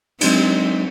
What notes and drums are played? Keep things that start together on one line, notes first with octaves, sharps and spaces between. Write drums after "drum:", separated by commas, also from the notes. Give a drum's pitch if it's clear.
F#3 G#3 C4 D4 D#4, drum: cymbal